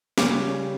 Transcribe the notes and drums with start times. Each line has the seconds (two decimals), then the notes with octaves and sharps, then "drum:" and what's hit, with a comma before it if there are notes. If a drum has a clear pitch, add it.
0.18 C#3 G3 C#4 D6, drum: snare